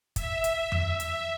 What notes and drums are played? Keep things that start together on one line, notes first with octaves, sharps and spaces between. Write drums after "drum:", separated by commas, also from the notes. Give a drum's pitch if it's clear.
E5, drum: kick, hi-hat
drum: hi-hat
drum: tom F2
drum: hi-hat